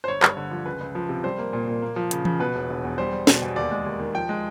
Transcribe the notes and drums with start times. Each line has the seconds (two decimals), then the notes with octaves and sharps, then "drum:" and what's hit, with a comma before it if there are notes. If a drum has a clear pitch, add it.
0.04 C5
0.08 G1 C#5
0.23 G2, drum: clap
0.37 D3
0.51 F3
0.66 C#2 B4
0.81 C#2
0.95 F3
1.09 C3
1.23 G3 C5
1.38 A#3
1.53 A#2
1.67 A#2
1.82 A#3
1.96 F3
2.11 C#3, drum: hi-hat
2.25 C#3, drum: tom E3
2.40 B2 B4
2.55 E1
2.70 E1
2.84 E2
2.98 G3 C5
3.12 G3
3.27 B2, drum: snare
3.42 E2
3.56 D#2 D5
3.71 G#3
3.86 D#2
4.00 D#3
4.14 F3 G5
4.29 G#3